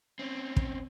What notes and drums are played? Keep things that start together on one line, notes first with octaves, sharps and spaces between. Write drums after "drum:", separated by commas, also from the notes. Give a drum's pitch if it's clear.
C4 C#4
drum: kick